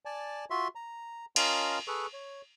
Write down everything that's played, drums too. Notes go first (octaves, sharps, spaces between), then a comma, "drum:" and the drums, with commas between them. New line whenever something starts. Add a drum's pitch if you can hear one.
D5 G#5 A5
F4 F#4 E5 C6
A#5
C#4 F4 A#4 D#5 F5 A5, drum: cymbal
G#4 A4 B4 C#6
C#5